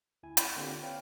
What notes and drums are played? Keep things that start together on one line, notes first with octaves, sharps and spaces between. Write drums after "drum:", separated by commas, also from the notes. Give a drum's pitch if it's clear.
D2 E4 G#5
F#5, drum: hi-hat
D3 A#3 C4 F4 G4 D5
B4 C#5 D5 F5 G5 F6